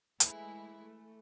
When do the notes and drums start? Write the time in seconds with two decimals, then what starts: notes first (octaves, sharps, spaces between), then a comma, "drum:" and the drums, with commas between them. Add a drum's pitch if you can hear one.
0.20 E3 G#3 A3 E4, drum: hi-hat
0.80 A3